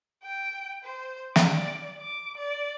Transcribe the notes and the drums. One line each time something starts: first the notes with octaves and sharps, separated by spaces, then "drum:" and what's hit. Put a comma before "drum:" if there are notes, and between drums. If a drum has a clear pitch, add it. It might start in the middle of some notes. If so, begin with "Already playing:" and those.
G5
C5
D5, drum: snare
D6
D5